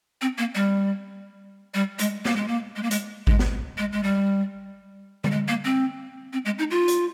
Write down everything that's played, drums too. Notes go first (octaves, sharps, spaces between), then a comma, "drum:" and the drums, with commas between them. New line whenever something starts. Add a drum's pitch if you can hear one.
C4
A#3
G3
G3
G#3, drum: hi-hat
A#3, drum: snare
G#3
A#3
G#3
A#3
G#3, drum: hi-hat
G#3, drum: kick G#1
drum: snare
G#3
G#3
G3
G3, drum: tom D3
G#3
A#3
C4
C4
G#3
D#4
F4
drum: hi-hat